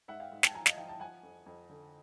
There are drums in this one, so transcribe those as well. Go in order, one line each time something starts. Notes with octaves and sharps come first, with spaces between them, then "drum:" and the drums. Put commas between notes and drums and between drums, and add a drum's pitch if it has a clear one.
G#2 E5 F#5
F5 G5
G#2
G5 A5, drum: snare
F3 G#5 A#5
D#5 F5, drum: snare
F3 F5 G5
G5 A5
F3 F#5 G#5
F2
F2
D3